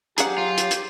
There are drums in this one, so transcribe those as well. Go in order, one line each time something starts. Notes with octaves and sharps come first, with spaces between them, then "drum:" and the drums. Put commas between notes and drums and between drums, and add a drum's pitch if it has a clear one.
F#3 G4 G#4 F#5 A#5, drum: hi-hat
F4
drum: hi-hat
drum: hi-hat